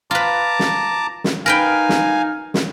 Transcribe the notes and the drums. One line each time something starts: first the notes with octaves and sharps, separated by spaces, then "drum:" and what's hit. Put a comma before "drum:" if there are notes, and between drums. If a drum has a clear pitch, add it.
F4 B4 A5 A#5 D6
drum: snare
drum: snare
D#4 A#4 B4 F5 G5 G#5
drum: snare
drum: snare